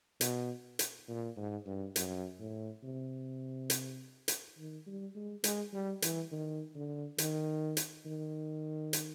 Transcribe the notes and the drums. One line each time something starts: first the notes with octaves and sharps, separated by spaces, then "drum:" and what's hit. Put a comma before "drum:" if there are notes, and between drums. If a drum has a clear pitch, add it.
B2, drum: hi-hat
drum: hi-hat
A#2
G#2
G2
F#2, drum: hi-hat
A2
C3
drum: hi-hat
drum: hi-hat
D#3
G3
G#3
G#3, drum: hi-hat
G3
E3, drum: hi-hat
D#3
D3
D#3, drum: hi-hat
drum: hi-hat
D#3
drum: hi-hat